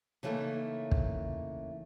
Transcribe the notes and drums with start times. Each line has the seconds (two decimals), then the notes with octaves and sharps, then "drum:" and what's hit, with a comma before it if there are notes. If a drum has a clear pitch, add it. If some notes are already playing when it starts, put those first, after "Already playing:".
0.23 C#3 E3 G3 A3 A#3 D#4
0.91 drum: kick